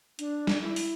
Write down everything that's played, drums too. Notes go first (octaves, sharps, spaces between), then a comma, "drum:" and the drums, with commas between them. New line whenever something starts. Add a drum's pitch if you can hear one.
D4, drum: hi-hat
drum: snare
E4
drum: open hi-hat